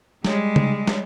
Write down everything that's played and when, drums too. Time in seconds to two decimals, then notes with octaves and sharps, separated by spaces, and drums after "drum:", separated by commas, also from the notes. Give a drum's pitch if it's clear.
0.25 G3 G#3, drum: snare
0.56 drum: tom C#3
0.87 drum: snare